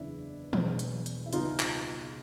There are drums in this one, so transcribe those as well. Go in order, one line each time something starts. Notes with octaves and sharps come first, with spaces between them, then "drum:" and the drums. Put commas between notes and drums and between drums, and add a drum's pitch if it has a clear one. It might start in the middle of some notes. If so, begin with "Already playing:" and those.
Already playing: F#1 E2 C#3 D4 E4
E1 E2 B2 F#3, drum: tom E3
drum: hi-hat
drum: hi-hat
E4
C#2 B2 G3 D#4 F4, drum: hi-hat
drum: clap